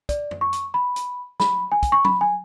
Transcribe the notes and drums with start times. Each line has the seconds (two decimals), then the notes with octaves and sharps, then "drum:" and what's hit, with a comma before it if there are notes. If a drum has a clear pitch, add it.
0.09 D5, drum: kick, hi-hat
0.31 drum: tom F#2
0.41 C#6
0.53 drum: hi-hat
0.74 B5
0.96 drum: hi-hat
1.40 B5, drum: snare
1.72 G#5
1.83 drum: kick, hi-hat
1.92 C#6
2.05 B5, drum: tom F#3
2.21 G#5